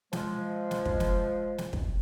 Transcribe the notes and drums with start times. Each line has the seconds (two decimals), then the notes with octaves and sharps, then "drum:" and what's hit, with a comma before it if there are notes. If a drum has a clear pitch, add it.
0.13 F3 G#3, drum: snare
0.71 drum: snare
0.86 drum: kick
1.00 drum: snare
1.58 drum: snare
1.73 drum: kick